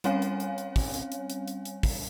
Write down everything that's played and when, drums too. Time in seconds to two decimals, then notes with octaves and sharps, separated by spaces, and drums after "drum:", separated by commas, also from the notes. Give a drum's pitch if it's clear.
0.04 G3 C4 C#4 C#5 F5 G#5, drum: hi-hat
0.22 drum: hi-hat
0.40 drum: hi-hat
0.58 drum: hi-hat
0.76 drum: kick, open hi-hat
0.94 drum: hi-hat
1.12 drum: hi-hat
1.30 drum: hi-hat
1.48 drum: hi-hat
1.65 drum: hi-hat
1.83 drum: kick, open hi-hat